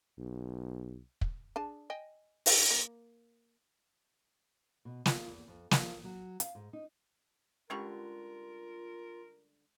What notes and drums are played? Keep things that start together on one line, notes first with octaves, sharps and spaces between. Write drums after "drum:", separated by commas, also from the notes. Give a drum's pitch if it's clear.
B1
drum: kick
D4 G#4 A5
D#5 G5 G#5
drum: open hi-hat
A#3
B2
F4, drum: snare
E2
F2
F3, drum: snare
F#3
F5, drum: hi-hat
G#2
D#4
D3 G3 G#3 C#4 F4 G4 A#4 C#6